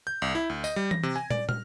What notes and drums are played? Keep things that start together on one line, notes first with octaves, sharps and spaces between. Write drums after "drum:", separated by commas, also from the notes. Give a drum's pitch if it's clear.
G6
C2
E4
D2
D#5, drum: tambourine
G3
A#6, drum: tom E3
C3
G#5
D5, drum: tom
F6, drum: tom